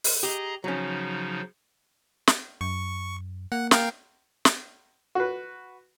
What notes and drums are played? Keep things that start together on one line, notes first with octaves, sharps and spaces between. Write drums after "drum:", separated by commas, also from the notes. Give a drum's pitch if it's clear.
drum: open hi-hat
G4 G#4 D#5 A#5
C#3 F3 F#3 C#4 D#4
drum: snare
F#2 C#6
A#3 F#5
A#4 F5 G5, drum: snare
drum: snare
F#4 B4